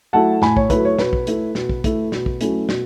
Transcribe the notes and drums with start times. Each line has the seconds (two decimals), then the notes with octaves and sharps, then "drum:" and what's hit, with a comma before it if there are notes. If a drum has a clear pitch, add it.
0.13 F#3 A3 E4 F#5 A5
0.42 A2 G#5 B5, drum: snare
0.57 C#5, drum: kick
0.70 F#3 A3 E4 B4, drum: kick, hi-hat
0.85 C#5
0.99 B2 B4, drum: snare
1.13 drum: kick
1.27 A3 E4, drum: hi-hat
1.55 B2, drum: snare
1.69 drum: kick
1.84 A3 E4, drum: kick, hi-hat
2.12 B2, drum: snare
2.26 drum: kick
2.41 F#3 A3 C#4 E4, drum: hi-hat
2.69 B2, drum: snare